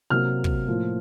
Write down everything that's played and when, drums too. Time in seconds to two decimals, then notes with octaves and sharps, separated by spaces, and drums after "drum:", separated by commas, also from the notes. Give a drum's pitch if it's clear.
0.10 C3 F#3 A#3 F6
0.44 drum: kick
0.67 A2 F3 A#3